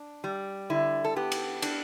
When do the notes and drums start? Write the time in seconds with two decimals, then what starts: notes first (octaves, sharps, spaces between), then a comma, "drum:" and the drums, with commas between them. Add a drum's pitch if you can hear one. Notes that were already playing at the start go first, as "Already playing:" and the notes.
Already playing: D4
0.24 G3
0.70 D3 E4
1.05 A4
1.16 B3 G4
1.32 drum: cymbal
1.62 D4, drum: cymbal